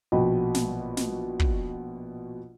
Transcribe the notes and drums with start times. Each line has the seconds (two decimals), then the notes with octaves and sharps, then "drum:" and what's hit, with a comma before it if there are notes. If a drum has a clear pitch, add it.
0.12 A#1 B2 F#4 D#5 G5 B5
0.55 drum: snare
0.97 drum: snare
1.40 drum: kick